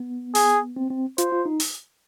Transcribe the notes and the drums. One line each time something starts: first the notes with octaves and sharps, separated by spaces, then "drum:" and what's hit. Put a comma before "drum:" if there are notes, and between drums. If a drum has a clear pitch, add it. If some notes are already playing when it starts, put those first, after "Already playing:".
Already playing: B3
G#4, drum: open hi-hat
C4
C4
F4 C5, drum: hi-hat
F4
D#4
drum: open hi-hat